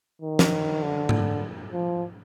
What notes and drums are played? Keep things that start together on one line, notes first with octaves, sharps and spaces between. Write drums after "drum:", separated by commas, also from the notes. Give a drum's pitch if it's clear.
D#3
drum: snare
D3
drum: tom G#2
F3